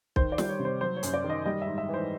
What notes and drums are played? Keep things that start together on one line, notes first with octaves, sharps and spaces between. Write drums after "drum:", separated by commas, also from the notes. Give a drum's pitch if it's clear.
D#3 C5, drum: kick B1
D5
G3, drum: snare
C#5
C3
C5
F#3 C5
C#5
F#2, drum: hi-hat
D5
D#3
D#5
G3 D#5
E5
G#2
E5
E3 C5